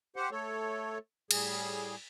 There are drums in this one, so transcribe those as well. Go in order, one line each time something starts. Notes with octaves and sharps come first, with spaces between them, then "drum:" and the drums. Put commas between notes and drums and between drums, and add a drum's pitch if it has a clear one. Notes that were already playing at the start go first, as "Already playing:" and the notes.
G4 C5 F#5
A3 A4 C#5
A2 G3 G#4, drum: cymbal